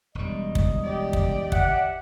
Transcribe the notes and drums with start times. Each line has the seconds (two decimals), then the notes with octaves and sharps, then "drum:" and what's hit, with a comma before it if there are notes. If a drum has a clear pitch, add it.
0.15 E1 G3 D#5
0.55 drum: kick
0.84 G4 D5
1.13 drum: kick
1.52 E5 F#5, drum: kick